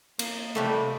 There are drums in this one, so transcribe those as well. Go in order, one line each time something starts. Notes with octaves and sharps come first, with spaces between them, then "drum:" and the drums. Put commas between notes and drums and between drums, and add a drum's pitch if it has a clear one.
A#3, drum: cymbal
C3 G3 A3 A#3